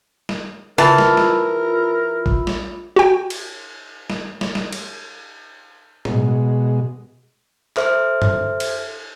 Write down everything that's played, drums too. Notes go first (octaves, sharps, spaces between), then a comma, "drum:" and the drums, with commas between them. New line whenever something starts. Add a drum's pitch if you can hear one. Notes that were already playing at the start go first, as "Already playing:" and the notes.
drum: snare
E3 F4 A#4 A5 B5 E6, drum: tom C#3
drum: snare
drum: snare
drum: kick
drum: snare
F#4 G5
drum: cymbal
drum: snare
drum: snare
drum: snare
drum: cymbal
B2 G#3, drum: tom A2
A4 C5 E5 F6, drum: clap
drum: tom F#2
drum: cymbal